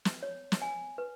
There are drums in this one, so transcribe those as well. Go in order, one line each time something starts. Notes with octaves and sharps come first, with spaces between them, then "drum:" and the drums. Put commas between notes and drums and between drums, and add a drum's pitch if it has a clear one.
drum: snare
C#5
drum: snare
G#5
B4